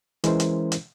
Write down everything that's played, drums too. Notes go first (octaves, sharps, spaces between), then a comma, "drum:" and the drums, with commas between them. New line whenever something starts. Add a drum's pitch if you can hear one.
E3 G#3 C#4 E4 A#4 C5, drum: hi-hat
drum: hi-hat
drum: hi-hat